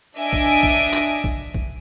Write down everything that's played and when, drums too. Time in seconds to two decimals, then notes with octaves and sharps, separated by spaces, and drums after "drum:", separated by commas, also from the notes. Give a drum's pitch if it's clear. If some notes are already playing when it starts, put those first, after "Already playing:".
0.17 D4 D#5 E5 G#5 D7
0.33 drum: kick
0.63 drum: kick
0.94 drum: clap
1.24 drum: kick
1.55 drum: kick